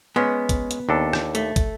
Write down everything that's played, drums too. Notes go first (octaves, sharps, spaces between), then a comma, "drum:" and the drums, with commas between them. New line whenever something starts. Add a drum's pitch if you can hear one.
G#3 B3 C#4
drum: kick, hi-hat
drum: hi-hat
D#2 D4 A4
drum: rim click
A3, drum: hi-hat
drum: kick, hi-hat